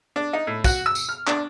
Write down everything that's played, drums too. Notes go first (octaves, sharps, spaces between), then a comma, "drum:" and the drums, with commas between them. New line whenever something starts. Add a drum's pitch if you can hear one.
D4
D#4
A2
F#4, drum: kick, tambourine
E6
drum: tambourine
F6
D4, drum: clap